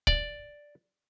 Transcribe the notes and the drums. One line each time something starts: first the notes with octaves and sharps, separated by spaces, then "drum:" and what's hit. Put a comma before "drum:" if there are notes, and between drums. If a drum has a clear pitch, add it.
D5, drum: kick